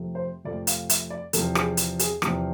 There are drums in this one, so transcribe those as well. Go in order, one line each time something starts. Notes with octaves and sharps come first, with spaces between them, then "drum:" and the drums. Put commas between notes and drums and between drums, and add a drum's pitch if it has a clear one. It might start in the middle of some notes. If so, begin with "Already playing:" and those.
Already playing: F2 C3 F3 A3
C5
F2 C3 F3 A3 D5
F5, drum: hi-hat
E5, drum: hi-hat
D5
E2 C3 F3 A4, drum: hi-hat
G#4, drum: rim click
drum: hi-hat
G#4, drum: hi-hat
E2 C3 F3, drum: rim click